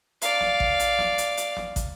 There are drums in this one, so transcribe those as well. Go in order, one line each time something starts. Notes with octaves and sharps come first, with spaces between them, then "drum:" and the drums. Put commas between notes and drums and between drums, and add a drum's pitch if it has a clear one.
D5 F5, drum: hi-hat
drum: snare
drum: kick
drum: hi-hat
drum: snare
drum: hi-hat
drum: hi-hat
drum: snare
drum: kick, hi-hat